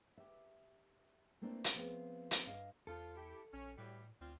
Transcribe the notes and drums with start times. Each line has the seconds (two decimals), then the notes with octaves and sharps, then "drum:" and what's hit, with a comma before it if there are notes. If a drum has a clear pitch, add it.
0.17 G4 E5
1.42 A3 A#3 C4 D4 E4 E5
1.64 drum: hi-hat
1.74 F3 A3 B3 C4 G#4 F5
2.31 drum: hi-hat
2.47 G2 D#5 F5
2.87 E2 F3 F4 A4
3.16 E4 G4
3.53 A#1 C#4
3.77 A2 E3 F#3 G3
4.20 D2 C4 D4 F4